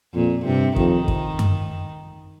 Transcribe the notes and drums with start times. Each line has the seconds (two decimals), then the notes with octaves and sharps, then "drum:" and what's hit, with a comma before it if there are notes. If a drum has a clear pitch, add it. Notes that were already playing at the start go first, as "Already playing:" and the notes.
0.14 F2 A#2
0.45 G2 C3
0.76 F2 D#3, drum: kick
1.08 drum: kick
1.39 drum: tom F#2